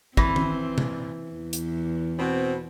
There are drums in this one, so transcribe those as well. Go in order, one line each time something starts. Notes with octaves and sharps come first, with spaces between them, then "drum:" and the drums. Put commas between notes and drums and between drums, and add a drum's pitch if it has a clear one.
E3 C4, drum: kick
drum: tom D#3
drum: tom C3
E2
drum: hi-hat
B2 C4